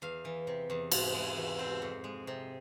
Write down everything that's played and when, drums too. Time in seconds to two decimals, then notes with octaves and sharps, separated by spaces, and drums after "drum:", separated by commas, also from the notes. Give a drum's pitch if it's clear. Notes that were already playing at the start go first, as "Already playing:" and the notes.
0.02 E2 F5
0.25 E3
0.47 C3
0.70 E2
0.92 G#2 A5, drum: cymbal
1.14 G#3
1.36 E3
1.59 C4
1.82 F2
2.04 G#3
2.27 C3